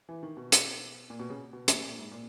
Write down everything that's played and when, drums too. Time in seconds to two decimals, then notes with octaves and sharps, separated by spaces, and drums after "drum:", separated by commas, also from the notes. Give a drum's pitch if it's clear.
0.09 E3
0.23 D#3
0.37 B2
0.52 drum: hi-hat
1.10 A#2
1.20 B2
1.30 C#3
1.53 B2
1.68 A#2, drum: hi-hat
1.82 A#2
1.97 G#2
2.12 A#2